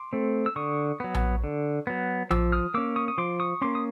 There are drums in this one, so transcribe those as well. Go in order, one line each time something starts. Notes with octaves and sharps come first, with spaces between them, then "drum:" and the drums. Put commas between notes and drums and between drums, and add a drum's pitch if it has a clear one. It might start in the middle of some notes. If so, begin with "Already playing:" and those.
Already playing: C6 D6
A3 C4
E6
D3 C#6 D#6
F#3 B3
drum: tom A#1
D3
F#3 B3
F3 D6 E6, drum: tom A#1
D#6 F6
A#3 C#4 D6 E6
C#6 D#6
D#6
F3 C6 D6
C#6 D#6
A#3 C#4 C6 D6
D#6